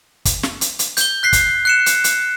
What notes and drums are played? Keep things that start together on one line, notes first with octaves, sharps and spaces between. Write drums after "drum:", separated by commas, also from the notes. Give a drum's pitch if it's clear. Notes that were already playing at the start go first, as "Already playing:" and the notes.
drum: kick, hi-hat
drum: snare
drum: hi-hat
drum: hi-hat
G6 G7, drum: hi-hat
F#6 B6 C7
drum: kick, hi-hat
F#6 C#7 E7
drum: hi-hat
drum: hi-hat